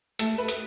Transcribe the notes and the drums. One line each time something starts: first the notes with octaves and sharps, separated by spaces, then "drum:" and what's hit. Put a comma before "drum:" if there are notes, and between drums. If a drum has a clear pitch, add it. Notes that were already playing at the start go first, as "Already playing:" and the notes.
A3 A4, drum: hi-hat
B4
drum: hi-hat